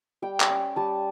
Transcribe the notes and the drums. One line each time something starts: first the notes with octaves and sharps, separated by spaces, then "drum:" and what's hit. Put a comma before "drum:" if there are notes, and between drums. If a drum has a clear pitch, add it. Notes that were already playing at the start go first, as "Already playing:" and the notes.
G3 G5
drum: clap
C#4
G3 A5